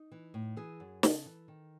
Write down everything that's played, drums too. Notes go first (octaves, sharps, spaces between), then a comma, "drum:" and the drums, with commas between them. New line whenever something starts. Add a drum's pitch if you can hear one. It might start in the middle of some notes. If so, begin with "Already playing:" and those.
Already playing: D#4
E3
A2
E3 G#4
F#2
C#3 A4, drum: snare
E3
D#3